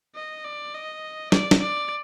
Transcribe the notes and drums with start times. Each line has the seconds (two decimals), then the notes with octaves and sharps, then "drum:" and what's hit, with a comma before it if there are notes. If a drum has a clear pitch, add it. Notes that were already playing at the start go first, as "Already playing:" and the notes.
0.16 D#5
0.45 D5
0.74 D#5
1.32 D5, drum: snare
1.51 drum: snare
1.60 D5